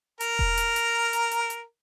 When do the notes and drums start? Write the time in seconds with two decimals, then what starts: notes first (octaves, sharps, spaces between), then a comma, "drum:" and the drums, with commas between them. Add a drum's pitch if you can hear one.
0.21 A#4 A#5, drum: hi-hat
0.39 drum: kick E1
0.58 drum: hi-hat
0.76 drum: hi-hat
1.13 drum: hi-hat
1.31 drum: hi-hat
1.50 drum: hi-hat